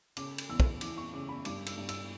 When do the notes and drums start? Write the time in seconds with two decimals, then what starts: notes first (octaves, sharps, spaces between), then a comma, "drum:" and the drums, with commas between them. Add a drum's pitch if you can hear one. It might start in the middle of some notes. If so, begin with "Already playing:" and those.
0.17 C#3 D6, drum: cymbal
0.38 drum: cymbal
0.49 E2 E6
0.60 drum: kick
0.81 E3 D6, drum: cymbal
0.97 C#6
1.13 C#3 D6
1.29 B5
1.45 G2 D6, drum: cymbal
1.66 E6, drum: cymbal
1.77 G2
1.89 E6, drum: cymbal